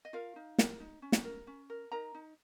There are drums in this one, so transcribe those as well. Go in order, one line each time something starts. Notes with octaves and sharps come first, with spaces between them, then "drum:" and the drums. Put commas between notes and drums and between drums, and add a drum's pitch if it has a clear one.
D#5
F4 A#4 F5
D#4
A#4, drum: snare
D#4
C#4
drum: snare
A#4
C#4
A#4
D#4 A#4 A#5
D#4